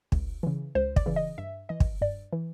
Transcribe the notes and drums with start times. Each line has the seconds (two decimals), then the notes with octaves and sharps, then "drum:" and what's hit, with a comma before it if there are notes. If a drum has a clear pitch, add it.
0.12 C#2, drum: kick
0.43 C#3 E3
0.75 C#2 C5
0.96 D5, drum: kick
1.06 C#3 E3
1.16 D#5
1.38 G2 E5
1.69 E3 D#5
1.80 drum: kick
2.01 G2 D5
2.33 E3